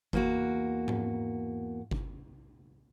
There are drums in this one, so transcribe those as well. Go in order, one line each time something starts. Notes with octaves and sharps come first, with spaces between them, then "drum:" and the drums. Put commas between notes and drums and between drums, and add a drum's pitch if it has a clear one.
E2 A#3 F#4, drum: kick G1
drum: tom G#2
drum: kick G1